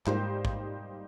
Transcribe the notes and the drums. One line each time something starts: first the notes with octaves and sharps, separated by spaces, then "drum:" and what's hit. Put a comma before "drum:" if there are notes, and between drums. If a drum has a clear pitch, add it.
G#2 G3 A#3 D#4 G4 C5, drum: clap
drum: kick